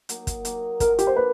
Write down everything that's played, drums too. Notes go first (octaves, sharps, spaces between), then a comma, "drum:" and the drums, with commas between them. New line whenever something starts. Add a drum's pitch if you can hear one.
F#3 A#3 D#4, drum: hi-hat
drum: kick, hi-hat
F#3 A#3 D#4, drum: hi-hat
D3 F3 A#3 A#4, drum: kick, hi-hat
G4, drum: hi-hat
C5
F3 A#3 B4